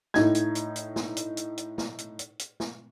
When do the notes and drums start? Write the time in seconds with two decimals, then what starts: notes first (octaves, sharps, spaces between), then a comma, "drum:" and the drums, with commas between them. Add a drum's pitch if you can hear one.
0.14 A2 D#4 G#6, drum: snare
0.35 drum: hi-hat
0.55 drum: hi-hat
0.76 drum: hi-hat
0.96 drum: snare
1.17 drum: hi-hat
1.37 drum: hi-hat
1.58 drum: hi-hat
1.78 drum: snare
1.98 drum: hi-hat
2.19 drum: hi-hat
2.39 drum: hi-hat
2.60 drum: snare